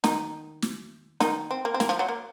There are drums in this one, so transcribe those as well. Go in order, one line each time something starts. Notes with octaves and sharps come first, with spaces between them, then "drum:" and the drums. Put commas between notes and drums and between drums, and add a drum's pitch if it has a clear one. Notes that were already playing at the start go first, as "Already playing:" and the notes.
D#3 D#4, drum: snare
drum: snare
D#3 D#4, drum: snare
C4
A#3
C4
A#3, drum: snare
F3
F#3
A#3